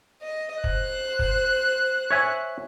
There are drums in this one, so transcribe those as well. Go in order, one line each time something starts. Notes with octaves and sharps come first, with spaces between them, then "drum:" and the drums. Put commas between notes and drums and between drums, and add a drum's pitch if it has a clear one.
D#5
C5 F#6, drum: kick
drum: kick
C#5 E5 G#5